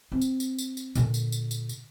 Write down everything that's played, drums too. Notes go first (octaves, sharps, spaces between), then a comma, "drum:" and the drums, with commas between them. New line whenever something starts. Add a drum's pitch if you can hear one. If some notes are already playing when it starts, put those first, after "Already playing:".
C4
drum: tambourine
drum: tambourine
drum: tambourine
drum: tambourine
A#2 D3, drum: tambourine
drum: tambourine
drum: tambourine
drum: tambourine
drum: tambourine